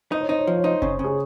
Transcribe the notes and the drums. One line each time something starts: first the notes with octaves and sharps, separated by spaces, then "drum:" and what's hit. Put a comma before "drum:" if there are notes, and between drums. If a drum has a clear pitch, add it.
D#4 C5
C#5
D#4 C5
C#5
F3
C#5
D#4 C5
C#3, drum: kick F#1
C#3
G#4